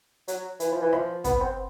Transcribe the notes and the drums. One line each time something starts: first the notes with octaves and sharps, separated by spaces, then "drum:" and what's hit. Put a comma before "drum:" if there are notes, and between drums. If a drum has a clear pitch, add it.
F#3, drum: hi-hat
E3, drum: hi-hat
F3
E3
F3, drum: rim click
B3, drum: kick, hi-hat
C4